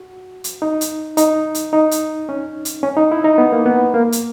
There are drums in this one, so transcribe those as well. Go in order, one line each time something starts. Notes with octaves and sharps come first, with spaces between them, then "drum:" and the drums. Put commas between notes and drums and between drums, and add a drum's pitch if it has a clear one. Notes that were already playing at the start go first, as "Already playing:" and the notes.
Already playing: F#4
drum: hi-hat
D#4
drum: hi-hat
D#4, drum: hi-hat
drum: hi-hat
D#4
drum: hi-hat
C#4
drum: hi-hat
C#4
D#4
E4
D#4
B3
A#3
B3
A#3
drum: hi-hat